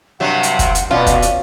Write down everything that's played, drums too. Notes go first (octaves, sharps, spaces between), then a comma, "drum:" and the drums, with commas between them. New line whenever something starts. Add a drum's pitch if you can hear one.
G2 C3 F#3 F#5
drum: hi-hat
drum: kick, hi-hat
drum: hi-hat
B2 C#4 F4 D5
drum: kick, hi-hat
drum: hi-hat